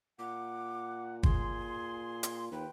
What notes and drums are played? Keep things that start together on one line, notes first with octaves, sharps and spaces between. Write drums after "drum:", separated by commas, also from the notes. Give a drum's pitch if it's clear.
A#2 F#5 D6
G#4 C6, drum: kick
drum: hi-hat
D#2 B4 G5